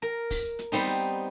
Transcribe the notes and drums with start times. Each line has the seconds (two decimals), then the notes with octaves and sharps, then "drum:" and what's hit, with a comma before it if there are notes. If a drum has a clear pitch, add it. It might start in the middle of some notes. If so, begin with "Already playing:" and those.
0.02 A#4
0.30 drum: kick, open hi-hat
0.59 drum: hi-hat
0.72 G3 B3 C4 D#4
0.87 drum: hi-hat